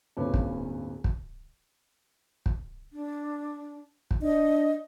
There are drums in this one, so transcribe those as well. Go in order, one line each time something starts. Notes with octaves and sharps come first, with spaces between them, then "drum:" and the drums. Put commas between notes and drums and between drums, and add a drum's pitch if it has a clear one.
D1 G2 A#2 C#4 B4 D6
drum: kick
drum: kick
drum: kick
D4
drum: kick
D4 D#5